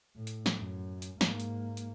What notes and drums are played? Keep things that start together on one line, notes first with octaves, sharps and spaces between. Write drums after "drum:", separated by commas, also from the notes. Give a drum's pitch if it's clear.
A2
drum: hi-hat
drum: snare
F#2
drum: hi-hat
G#2 A#3, drum: snare
drum: hi-hat
drum: hi-hat